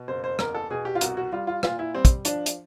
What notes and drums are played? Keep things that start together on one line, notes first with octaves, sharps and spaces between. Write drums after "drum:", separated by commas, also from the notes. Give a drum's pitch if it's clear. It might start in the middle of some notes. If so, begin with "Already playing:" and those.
Already playing: B2
F#1 C5
C5
E2 A#4, drum: rim click
A4
B2 G#4
G4
F4
C2 F#4, drum: hi-hat
F#4
G3 F4
F4
A#2 F4, drum: rim click
E4
G3 C4
drum: kick, hi-hat
F3 D4, drum: hi-hat
drum: hi-hat